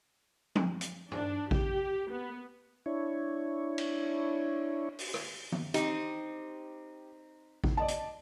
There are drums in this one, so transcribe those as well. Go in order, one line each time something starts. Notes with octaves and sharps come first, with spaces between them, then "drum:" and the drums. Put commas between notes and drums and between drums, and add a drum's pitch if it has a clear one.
drum: tom F3
drum: hi-hat
D4, drum: tom G2
G4, drum: kick A1
B3
D4 E4 C#5
drum: cymbal
drum: open hi-hat
drum: rim click
drum: tom E3
C4 D#4 G4, drum: hi-hat
drum: kick A1
D5 D#5 A5
drum: hi-hat